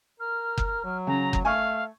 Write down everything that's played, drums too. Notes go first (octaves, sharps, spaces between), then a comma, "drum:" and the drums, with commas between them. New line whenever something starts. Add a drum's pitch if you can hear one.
A#4 F6
drum: kick F#1
F#3
C#3 A#5
drum: kick F#1
A3 F5 G#5 C#6